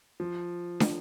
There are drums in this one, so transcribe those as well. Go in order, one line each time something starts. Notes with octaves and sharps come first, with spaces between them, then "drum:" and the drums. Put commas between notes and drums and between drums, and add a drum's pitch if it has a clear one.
F3
drum: snare